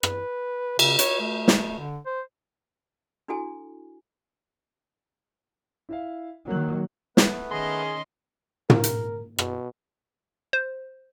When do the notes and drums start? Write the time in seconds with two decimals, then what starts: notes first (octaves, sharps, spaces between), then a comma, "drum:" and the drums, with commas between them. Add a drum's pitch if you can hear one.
0.03 B4, drum: rim click
0.79 C#3, drum: cymbal
0.99 C#5, drum: hi-hat
1.20 A3
1.48 drum: snare
1.78 D3
2.06 C5
3.28 D4 E4 F#4 A4 G#5
5.89 E4 E5 F5
6.48 D#3 F#3 A#3 F#6
7.17 A3 B3 B4, drum: snare
7.51 D#3 C#4 G#4 D#5 C6
8.70 A#4, drum: tom
8.84 drum: hi-hat
9.38 B2, drum: rim click
10.53 C5